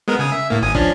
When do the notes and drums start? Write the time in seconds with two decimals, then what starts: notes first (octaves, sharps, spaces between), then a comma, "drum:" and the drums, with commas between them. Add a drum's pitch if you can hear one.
0.08 G#3 B3 A#4
0.19 C#3 G#5 D#6
0.32 E5
0.50 A2 A#3
0.62 G#1 G#5 D#6
0.75 F3 C#4 D4, drum: kick